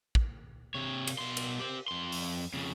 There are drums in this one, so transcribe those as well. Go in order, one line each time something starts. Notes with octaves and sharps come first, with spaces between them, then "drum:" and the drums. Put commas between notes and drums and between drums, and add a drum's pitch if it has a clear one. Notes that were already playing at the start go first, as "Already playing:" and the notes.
drum: kick
C3 C#5
drum: cymbal
B2 C6
drum: cymbal
G4 C5
F2 C6
drum: open hi-hat
F2 C#3